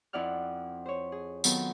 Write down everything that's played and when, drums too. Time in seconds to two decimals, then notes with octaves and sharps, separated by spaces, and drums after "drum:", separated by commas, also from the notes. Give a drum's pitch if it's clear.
0.13 F2 E4 D5 F#5 F6
0.86 C5 C#5
1.12 G#4
1.44 D#3 F#3 B3 C4 F4 A4, drum: tambourine